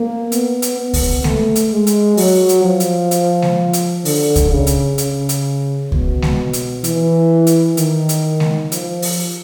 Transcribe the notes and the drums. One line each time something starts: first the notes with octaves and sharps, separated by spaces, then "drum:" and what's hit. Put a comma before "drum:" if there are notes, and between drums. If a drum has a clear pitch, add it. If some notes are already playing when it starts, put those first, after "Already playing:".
Already playing: A#3
B3, drum: hi-hat
drum: hi-hat
B3
drum: kick C#2, open hi-hat
A3, drum: snare G#3
drum: hi-hat
G#3
drum: hi-hat
F#3, drum: open hi-hat
drum: hi-hat
F3
drum: hi-hat
drum: hi-hat
drum: snare G#3
drum: hi-hat
D3, drum: open hi-hat
drum: kick C#2, hi-hat
C#3
drum: hi-hat
C#3, drum: hi-hat
drum: hi-hat
B2, drum: kick C#2
drum: snare G#3
drum: hi-hat
E3, drum: hi-hat
drum: hi-hat
D#3, drum: hi-hat
drum: hi-hat
drum: snare G#3
F3, drum: hi-hat
drum: open hi-hat